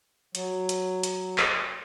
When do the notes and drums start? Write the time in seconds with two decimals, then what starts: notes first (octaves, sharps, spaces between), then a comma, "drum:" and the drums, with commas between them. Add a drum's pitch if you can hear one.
0.35 F#3, drum: hi-hat
0.69 drum: hi-hat
1.03 drum: hi-hat
1.38 drum: clap